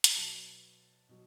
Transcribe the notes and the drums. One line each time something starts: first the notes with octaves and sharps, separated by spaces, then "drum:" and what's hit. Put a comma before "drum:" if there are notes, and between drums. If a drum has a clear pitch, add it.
drum: hi-hat
B2 F#3 B3 A5
B2 F#3